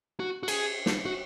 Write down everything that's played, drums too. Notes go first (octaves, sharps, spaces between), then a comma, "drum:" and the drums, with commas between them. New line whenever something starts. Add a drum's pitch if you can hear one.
F#4
F#4
G#4, drum: cymbal
drum: snare
F#4